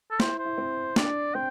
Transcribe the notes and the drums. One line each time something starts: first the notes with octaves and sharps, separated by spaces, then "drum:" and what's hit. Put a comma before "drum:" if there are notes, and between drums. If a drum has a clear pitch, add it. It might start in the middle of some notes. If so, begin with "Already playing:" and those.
A4
E4 C5, drum: snare
C5
E4
C4
D4 D5, drum: snare
C4 G5